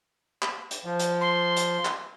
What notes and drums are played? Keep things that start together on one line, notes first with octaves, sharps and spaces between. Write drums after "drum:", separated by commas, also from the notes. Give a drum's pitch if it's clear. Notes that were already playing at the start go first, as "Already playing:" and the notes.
drum: clap
drum: hi-hat
F3
drum: hi-hat
C6
drum: hi-hat
drum: clap